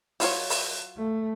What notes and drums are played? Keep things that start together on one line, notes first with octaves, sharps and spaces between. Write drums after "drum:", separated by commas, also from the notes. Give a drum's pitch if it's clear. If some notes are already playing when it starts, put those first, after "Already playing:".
F#3 F4 C#5, drum: open hi-hat
drum: open hi-hat
A3